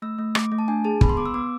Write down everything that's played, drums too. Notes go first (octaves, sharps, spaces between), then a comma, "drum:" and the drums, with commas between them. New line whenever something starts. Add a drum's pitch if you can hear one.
A3 E6
A3
A3 D6, drum: rim click
A3
A5
D4 G#5
G#4 A5
B3 B5, drum: kick
C6
B3 D6
E6
B3 D6